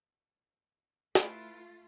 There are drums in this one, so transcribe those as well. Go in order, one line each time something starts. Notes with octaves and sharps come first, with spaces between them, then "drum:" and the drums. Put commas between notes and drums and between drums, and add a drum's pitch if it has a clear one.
A3 E4 F4 B4, drum: snare